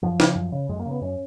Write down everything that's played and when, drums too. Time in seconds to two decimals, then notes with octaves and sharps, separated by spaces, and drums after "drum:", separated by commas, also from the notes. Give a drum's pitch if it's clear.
0.02 F#2 F3
0.20 C#3, drum: snare
0.35 F#2
0.52 C#3
0.69 F#2 G#3
0.79 A#3
0.86 C#3
0.91 B3
1.01 F#2 C#4